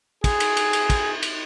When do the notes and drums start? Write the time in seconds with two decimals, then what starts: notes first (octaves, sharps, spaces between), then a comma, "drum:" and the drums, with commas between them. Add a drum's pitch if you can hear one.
0.24 G#4, drum: kick, cymbal
0.40 drum: cymbal
0.57 drum: cymbal
0.73 drum: cymbal
0.90 drum: kick, cymbal
1.23 drum: cymbal